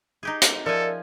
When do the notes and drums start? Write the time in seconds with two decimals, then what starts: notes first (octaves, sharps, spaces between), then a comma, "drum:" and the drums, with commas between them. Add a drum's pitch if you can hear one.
0.23 D#4 G4 G#4
0.42 drum: hi-hat
0.66 F3 A4 A#4 D5 E5 G#5